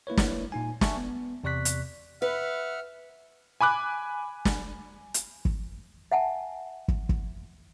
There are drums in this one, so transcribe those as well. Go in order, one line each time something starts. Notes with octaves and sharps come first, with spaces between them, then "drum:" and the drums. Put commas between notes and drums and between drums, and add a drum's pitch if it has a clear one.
A#3 E4 B4 C#5
drum: snare
A#2 D#4 G#5
E5 G#5 A5 C#6, drum: snare
B3
E2 C3 D5 C#6 F#6 B6
drum: hi-hat
B4 E5 F#5 F6
G#5 B5 D6 F#6
drum: snare
drum: hi-hat
drum: kick
E5 F#5 G#5 A5
drum: kick
drum: kick